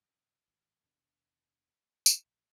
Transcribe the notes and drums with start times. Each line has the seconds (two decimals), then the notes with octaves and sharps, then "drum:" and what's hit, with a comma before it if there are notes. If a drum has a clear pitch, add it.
0.01 F#2 C3
0.47 G#1 G2 A#2
0.84 D#2 B2 D4
2.06 drum: tambourine
2.25 A#1